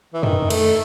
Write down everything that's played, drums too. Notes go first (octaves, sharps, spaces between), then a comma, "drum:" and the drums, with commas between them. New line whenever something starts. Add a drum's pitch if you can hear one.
E3
D#3, drum: tom
A3, drum: cymbal